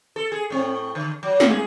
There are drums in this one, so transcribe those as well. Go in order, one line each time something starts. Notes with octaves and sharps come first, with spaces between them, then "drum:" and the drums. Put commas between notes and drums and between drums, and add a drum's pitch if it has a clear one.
A4
G#4
A2 C4
D3
F#3
drum: snare
G#4